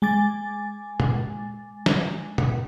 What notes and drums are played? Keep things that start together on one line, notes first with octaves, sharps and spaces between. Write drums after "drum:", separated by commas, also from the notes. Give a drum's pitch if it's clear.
G#3 G#5 D6 A6
drum: tom
drum: snare
drum: tom